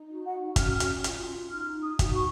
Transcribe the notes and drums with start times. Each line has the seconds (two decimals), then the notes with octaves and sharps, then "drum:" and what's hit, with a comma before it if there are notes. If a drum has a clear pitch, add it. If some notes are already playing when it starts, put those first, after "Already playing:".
Already playing: D#4
0.09 F#4
0.26 F#5
0.56 C#4 F6, drum: kick G1, hi-hat
0.80 drum: hi-hat
1.04 F4, drum: hi-hat
1.51 D#4 F6
1.82 D#6
1.99 F#4, drum: kick G1, hi-hat
2.14 C#6